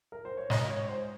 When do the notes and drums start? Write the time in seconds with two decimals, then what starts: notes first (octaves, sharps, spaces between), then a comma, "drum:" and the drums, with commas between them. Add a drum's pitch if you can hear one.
0.12 A#4
0.25 C5
0.37 C#5
0.50 G#3 D#5, drum: snare
0.70 C#5
0.88 C5